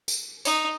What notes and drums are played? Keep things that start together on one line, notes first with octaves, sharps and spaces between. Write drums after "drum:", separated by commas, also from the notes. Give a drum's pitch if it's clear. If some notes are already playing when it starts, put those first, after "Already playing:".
drum: tambourine
D#4, drum: tambourine